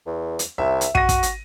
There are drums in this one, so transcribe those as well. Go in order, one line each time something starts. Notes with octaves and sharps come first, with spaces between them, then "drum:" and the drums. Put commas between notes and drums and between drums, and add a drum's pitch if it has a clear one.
E2
drum: hi-hat
C2 E5
drum: hi-hat
F#4 A#6 D#7, drum: kick
drum: kick, hi-hat
drum: hi-hat